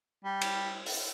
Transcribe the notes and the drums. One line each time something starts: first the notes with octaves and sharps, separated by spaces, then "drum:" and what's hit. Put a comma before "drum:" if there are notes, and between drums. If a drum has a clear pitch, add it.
G3
drum: cymbal
drum: open hi-hat